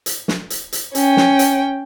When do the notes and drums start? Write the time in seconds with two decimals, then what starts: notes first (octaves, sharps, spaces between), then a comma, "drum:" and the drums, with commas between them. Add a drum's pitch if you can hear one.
0.06 drum: hi-hat
0.28 drum: snare
0.50 drum: hi-hat
0.72 drum: hi-hat
0.95 C#4 G5, drum: hi-hat
1.17 drum: snare
1.39 drum: hi-hat